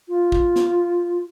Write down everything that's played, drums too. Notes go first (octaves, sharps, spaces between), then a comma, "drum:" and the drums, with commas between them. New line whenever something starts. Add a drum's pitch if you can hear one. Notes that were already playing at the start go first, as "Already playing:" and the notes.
F4
drum: kick
drum: snare